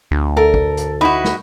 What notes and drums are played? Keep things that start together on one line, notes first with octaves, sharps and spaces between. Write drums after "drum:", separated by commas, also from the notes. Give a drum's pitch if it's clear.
D2
A4 A#4
drum: kick
drum: hi-hat
D#4 E4 F#4 B5
drum: snare